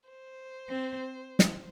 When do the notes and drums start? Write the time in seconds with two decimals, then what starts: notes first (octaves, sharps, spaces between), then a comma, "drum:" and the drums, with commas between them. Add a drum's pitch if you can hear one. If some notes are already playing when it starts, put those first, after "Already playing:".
0.09 C5
0.69 C4
1.39 drum: snare